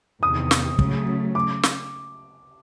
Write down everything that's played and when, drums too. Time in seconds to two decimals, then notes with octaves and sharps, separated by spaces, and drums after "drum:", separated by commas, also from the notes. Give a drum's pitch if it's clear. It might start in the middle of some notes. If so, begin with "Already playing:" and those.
0.22 E2 C3 D#3 D#6
0.51 drum: snare
0.79 C#3 F#3 A3, drum: kick
1.35 D6
1.63 drum: snare